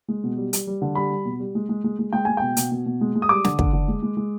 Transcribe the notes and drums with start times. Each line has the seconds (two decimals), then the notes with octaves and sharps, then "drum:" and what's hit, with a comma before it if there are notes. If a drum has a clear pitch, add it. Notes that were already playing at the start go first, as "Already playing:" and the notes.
0.08 G#3
0.24 B2
0.37 G3
0.53 G3, drum: hi-hat
0.67 G3
0.82 D3
0.95 G3 B5
1.10 G3
1.25 B2
1.40 G3
1.55 G#3
1.69 G#3
1.84 G#3
1.99 G#3
2.13 G#3 G5
2.25 G#3 G#5
2.37 B2 G5
2.57 B2, drum: hi-hat
2.72 B2
2.86 B2
3.01 G#3
3.15 G#3
3.22 D#6
3.29 G3 D6
3.44 D3, drum: snare
3.59 D3, drum: kick
3.73 D3
3.88 G#3
4.02 G#3
4.17 G#3